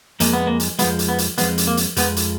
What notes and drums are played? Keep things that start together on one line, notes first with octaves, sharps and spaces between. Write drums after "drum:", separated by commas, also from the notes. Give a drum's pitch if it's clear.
F2 F3 G#3 A#3, drum: hi-hat
B3
A#3
drum: hi-hat
F2 F3 G#3 B3, drum: hi-hat
drum: hi-hat
B3
drum: hi-hat
F2 F3 G#3 B3, drum: hi-hat
drum: hi-hat
A#3
drum: hi-hat
F2 F3 G#3 B3, drum: hi-hat
drum: hi-hat